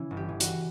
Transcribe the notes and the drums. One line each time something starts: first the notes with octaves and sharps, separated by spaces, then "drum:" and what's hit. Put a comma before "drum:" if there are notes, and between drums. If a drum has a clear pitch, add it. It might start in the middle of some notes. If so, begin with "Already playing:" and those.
Already playing: C#3 E3 E4
G1
G4
E3
F#4, drum: hi-hat